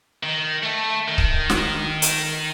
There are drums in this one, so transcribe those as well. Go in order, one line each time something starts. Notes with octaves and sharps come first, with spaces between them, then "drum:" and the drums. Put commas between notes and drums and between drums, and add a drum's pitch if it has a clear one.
D#3
A3
D#3
drum: kick C#1
drum: snare
drum: hi-hat